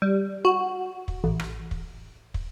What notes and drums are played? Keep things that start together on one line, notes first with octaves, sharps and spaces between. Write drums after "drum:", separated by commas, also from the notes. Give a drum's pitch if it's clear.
G3
F#4
drum: kick
A1
drum: rim click
drum: kick
drum: kick